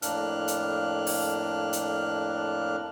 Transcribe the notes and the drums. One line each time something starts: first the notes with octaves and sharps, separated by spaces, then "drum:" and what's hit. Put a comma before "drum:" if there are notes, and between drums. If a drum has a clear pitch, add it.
F2 A2 A#3 D4 F6 F#6, drum: hi-hat
drum: hi-hat
drum: open hi-hat
drum: hi-hat